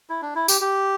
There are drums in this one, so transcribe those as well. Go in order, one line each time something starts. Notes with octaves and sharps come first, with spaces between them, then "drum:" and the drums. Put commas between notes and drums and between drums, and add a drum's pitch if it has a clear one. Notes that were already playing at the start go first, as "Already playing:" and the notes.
E4
D4
E4
G4, drum: tambourine
G4